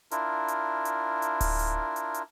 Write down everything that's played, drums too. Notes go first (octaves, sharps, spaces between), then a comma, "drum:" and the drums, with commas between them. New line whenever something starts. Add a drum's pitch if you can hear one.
D4 E4 F4 A#4, drum: hi-hat
drum: hi-hat
drum: hi-hat
drum: hi-hat
drum: kick D1, open hi-hat
drum: hi-hat
drum: hi-hat
drum: hi-hat